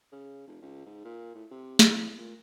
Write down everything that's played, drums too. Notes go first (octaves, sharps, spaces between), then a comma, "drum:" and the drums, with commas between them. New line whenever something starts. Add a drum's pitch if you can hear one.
C#3
F1
C#2
G#2
A#2
A2
C3
E2, drum: snare
A#2